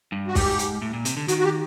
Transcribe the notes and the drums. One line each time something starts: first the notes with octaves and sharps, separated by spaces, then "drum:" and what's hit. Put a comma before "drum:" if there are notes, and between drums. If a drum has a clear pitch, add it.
G2
F#4
G#2 G4, drum: kick, open hi-hat
drum: hi-hat
A2
A#2
C3, drum: hi-hat
D3
D#3 F#4, drum: hi-hat
F#4
G4